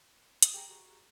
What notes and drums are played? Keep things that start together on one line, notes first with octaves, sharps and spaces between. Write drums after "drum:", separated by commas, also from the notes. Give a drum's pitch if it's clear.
D#6, drum: hi-hat
G4 G#4 G5 A#5
F#4